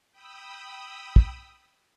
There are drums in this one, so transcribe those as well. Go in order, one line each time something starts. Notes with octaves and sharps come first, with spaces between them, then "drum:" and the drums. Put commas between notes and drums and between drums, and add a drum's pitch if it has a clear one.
G5 B5 D#6 E6
drum: kick